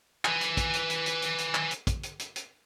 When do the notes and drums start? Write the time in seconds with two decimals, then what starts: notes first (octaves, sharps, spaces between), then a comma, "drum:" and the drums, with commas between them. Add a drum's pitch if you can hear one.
0.25 B4 G#5, drum: clap
0.41 drum: hi-hat
0.57 drum: kick, hi-hat
0.73 drum: hi-hat
0.90 drum: hi-hat
1.06 drum: hi-hat
1.22 drum: hi-hat
1.38 drum: hi-hat
1.55 drum: clap
1.71 drum: hi-hat
1.87 drum: kick, hi-hat
2.03 drum: hi-hat
2.19 drum: hi-hat
2.36 drum: hi-hat